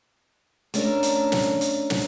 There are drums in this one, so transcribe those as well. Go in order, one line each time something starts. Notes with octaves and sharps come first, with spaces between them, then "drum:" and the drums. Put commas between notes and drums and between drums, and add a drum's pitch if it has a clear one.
A3 C#4 D4 A#4, drum: hi-hat
drum: hi-hat
drum: snare
drum: hi-hat
drum: snare